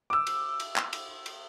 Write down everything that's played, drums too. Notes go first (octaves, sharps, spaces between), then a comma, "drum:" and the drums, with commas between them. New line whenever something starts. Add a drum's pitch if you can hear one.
D6 E6
drum: cymbal
drum: cymbal
drum: clap
drum: cymbal
drum: cymbal